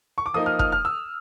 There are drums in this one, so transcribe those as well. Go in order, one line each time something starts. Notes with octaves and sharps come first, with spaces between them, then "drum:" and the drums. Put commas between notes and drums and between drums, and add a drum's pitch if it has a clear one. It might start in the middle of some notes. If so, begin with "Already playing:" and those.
C#6
D6
F3 A#3 D#4 D#6
F6
F6, drum: kick
F6
E6